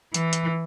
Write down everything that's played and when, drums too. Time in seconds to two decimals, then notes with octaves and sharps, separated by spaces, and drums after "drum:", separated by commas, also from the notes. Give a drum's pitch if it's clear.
0.14 E3, drum: hi-hat
0.33 drum: hi-hat